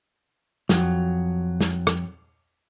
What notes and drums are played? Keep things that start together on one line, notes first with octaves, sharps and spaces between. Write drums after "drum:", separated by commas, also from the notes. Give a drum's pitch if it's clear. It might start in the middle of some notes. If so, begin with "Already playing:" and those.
F2 F#3, drum: snare
drum: snare
drum: rim click